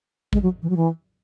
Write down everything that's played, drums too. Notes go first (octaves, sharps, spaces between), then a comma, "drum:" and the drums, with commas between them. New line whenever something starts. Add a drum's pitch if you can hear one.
G#3, drum: kick
F#3
E3
F#3
E3